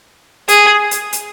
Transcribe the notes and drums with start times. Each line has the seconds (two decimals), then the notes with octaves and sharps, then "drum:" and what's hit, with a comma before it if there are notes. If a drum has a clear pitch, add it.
0.48 G#4, drum: hi-hat
0.91 drum: hi-hat
1.13 drum: hi-hat